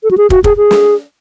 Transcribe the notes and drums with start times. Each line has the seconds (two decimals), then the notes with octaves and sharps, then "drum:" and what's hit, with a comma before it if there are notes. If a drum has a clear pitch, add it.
0.04 A4
0.11 F#4
0.18 G#4
0.30 F#4, drum: kick
0.44 G#4, drum: kick
0.57 G#4
0.71 drum: snare